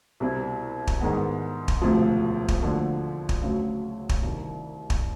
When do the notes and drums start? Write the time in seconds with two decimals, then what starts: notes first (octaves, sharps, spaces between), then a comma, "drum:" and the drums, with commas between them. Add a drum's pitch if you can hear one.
0.20 C2 B2 G3 C4 E4
0.87 drum: kick
1.01 G#2 D#3 G#3 B3
1.68 drum: kick
1.82 E1 D2 C3 F3
2.48 drum: kick
2.62 D#2 D3 F3 A3
3.29 drum: kick
3.42 D2 C#3 F#3
4.09 drum: kick
4.22 C2 C3 D#3
4.90 drum: kick